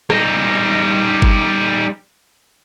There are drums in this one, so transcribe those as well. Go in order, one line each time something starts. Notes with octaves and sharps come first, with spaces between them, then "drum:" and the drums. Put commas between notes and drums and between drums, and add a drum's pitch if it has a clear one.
G3 D#4, drum: rim click
drum: kick G1